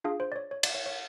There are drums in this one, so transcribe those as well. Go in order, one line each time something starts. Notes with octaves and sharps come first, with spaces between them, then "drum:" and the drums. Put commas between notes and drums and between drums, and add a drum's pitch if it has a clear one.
D4 F4 G#4 F5
C5
D5
C#5
C#5
D5, drum: cymbal
C#5
C#5